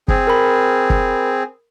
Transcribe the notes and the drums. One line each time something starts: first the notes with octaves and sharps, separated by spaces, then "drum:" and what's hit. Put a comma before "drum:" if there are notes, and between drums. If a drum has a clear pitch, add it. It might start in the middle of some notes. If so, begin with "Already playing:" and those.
C4 G#4, drum: kick
A#4 B5
drum: kick